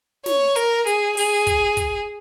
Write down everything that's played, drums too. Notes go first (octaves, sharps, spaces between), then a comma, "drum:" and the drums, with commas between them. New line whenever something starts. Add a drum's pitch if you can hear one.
C#5, drum: snare
A#4, drum: hi-hat
G#4, drum: hi-hat
G#4, drum: open hi-hat
drum: kick, hi-hat
drum: kick, hi-hat